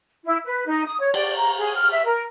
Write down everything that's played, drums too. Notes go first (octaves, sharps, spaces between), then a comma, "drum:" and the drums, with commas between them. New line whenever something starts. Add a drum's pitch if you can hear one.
E4
B4
D#4
D#6
C#5
D5, drum: cymbal
A#5
G#4
F6
E5
A#4